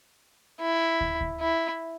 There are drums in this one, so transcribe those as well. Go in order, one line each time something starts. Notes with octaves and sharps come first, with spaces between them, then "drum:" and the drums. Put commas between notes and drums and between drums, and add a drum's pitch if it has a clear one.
E4
drum: kick
drum: kick
E4